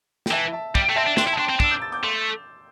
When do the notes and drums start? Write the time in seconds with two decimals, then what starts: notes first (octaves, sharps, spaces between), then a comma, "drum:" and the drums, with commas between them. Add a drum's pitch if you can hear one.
0.26 G5, drum: snare
0.31 E3 E5 A5
0.52 E5 A5
0.75 G3, drum: kick
0.88 A3 G5
0.95 C4 E5 A5
1.07 D4
1.17 D4 G5 C6, drum: snare
1.28 E4
1.32 A5
1.38 D4 G5 C6
1.50 C4
1.60 D4 E6, drum: kick
1.70 D6 G6
1.82 E6 A6
1.92 D6 G6
2.03 A3 C6 E6